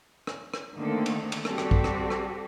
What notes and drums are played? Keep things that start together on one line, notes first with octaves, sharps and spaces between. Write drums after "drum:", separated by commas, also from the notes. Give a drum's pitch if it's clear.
drum: rim click
drum: rim click
D3 D#3 A3 A#3 C4 A4
drum: cymbal
drum: cymbal
G3 C4 F#4 G4 A4, drum: rim click
drum: rim click
drum: kick
drum: rim click
drum: rim click